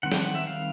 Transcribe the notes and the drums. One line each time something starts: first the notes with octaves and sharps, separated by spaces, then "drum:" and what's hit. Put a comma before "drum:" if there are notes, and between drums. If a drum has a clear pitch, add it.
D#3 G3 C4 F#5
G5, drum: snare
F#5
E5
F5